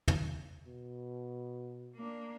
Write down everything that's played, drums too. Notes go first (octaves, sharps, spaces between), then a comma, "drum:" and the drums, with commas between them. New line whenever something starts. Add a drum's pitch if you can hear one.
drum: tom
B2
A#3 D4